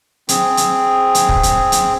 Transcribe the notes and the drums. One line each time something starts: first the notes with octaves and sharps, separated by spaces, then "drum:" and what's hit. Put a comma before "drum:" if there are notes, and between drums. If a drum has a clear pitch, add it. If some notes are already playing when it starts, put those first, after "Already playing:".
C4 G#4, drum: hi-hat
drum: hi-hat
drum: hi-hat
drum: kick
drum: hi-hat
drum: hi-hat